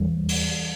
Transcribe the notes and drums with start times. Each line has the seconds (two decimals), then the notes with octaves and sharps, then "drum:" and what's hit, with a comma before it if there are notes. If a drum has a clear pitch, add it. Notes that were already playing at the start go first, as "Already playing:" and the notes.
Already playing: E2 E3 G3
0.29 drum: open hi-hat